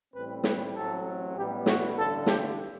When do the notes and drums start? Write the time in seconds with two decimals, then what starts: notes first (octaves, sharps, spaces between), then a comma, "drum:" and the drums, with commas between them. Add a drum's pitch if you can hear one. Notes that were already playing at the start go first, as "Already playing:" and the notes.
0.14 A1 A2 G3 C4 B4
0.44 B4, drum: snare
0.74 A1 A2 F#3 C4 A4
1.35 A1 A2 G3 B3 G4
1.66 F#4, drum: snare
1.96 A1 G2 D3 A4
2.26 G4, drum: snare